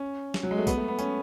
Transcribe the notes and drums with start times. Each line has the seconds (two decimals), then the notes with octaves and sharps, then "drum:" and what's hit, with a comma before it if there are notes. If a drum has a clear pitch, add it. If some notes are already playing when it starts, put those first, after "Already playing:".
Already playing: C#4
0.34 drum: snare
0.43 F#3
0.51 G#3
0.58 A3
0.67 B3, drum: kick, tambourine
0.77 A3
0.88 B3
0.99 C#4, drum: tambourine